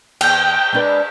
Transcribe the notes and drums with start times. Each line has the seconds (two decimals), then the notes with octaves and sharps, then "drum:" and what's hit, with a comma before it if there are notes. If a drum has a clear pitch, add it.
0.21 E2 G5 G6 F7, drum: cymbal
0.73 G#3 D4 B4